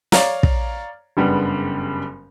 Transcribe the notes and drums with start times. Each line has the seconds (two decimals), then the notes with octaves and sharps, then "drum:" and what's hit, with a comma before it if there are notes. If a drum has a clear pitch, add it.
0.12 C#5 D5 F5 A#5, drum: snare
0.43 drum: kick
1.17 F#1 G2 C#3 G3 B3